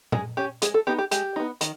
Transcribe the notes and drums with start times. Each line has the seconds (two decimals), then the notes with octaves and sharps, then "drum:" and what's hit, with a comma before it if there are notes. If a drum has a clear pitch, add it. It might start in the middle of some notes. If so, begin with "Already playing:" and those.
0.12 G#3 G#4, drum: tom
0.37 C#4 G4
0.62 G#3 G#4, drum: hi-hat
0.74 A4
0.87 B3 D#4 G4
0.99 G4
1.11 G#3 G4, drum: hi-hat
1.36 B3 D#4
1.61 D#3, drum: hi-hat